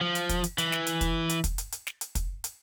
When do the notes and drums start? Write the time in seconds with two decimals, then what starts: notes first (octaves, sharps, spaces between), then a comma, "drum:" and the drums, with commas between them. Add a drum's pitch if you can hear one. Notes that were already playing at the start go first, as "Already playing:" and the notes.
0.01 F3
0.15 drum: hi-hat
0.29 drum: kick, hi-hat
0.44 drum: hi-hat
0.58 E3, drum: hi-hat
0.72 drum: snare
0.87 drum: hi-hat
1.01 drum: kick, hi-hat
1.29 drum: hi-hat
1.44 drum: kick, hi-hat
1.58 drum: hi-hat
1.72 drum: hi-hat
1.87 drum: snare
2.01 drum: hi-hat
2.15 drum: kick, hi-hat
2.44 drum: hi-hat